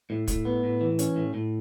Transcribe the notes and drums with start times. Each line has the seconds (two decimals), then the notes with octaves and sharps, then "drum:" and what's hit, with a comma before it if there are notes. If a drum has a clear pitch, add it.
0.10 A2
0.28 A2, drum: kick, hi-hat
0.45 B3
0.63 A2
0.81 E3
0.99 C#4, drum: hi-hat
1.16 A2
1.34 A2